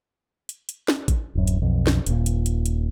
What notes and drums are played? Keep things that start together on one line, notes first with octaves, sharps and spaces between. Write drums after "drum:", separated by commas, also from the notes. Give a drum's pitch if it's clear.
drum: hi-hat
drum: hi-hat
drum: snare
drum: kick A1, hi-hat
D1 F#2
drum: hi-hat
B1 F2
drum: snare
D#1 A#2, drum: hi-hat
drum: hi-hat
drum: hi-hat
drum: hi-hat